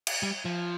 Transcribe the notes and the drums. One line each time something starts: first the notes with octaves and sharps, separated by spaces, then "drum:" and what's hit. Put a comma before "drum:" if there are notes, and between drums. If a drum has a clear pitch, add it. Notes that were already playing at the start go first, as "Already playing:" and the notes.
drum: cymbal
G3
F3